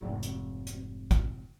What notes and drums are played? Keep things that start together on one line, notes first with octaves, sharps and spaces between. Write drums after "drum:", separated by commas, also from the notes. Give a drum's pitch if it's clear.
F1 G#2
drum: hi-hat
drum: hi-hat
drum: kick, hi-hat